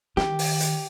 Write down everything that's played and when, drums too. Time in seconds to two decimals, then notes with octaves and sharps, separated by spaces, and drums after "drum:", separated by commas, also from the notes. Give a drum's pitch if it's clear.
0.17 D#3 G4, drum: snare
0.39 drum: open hi-hat
0.60 drum: hi-hat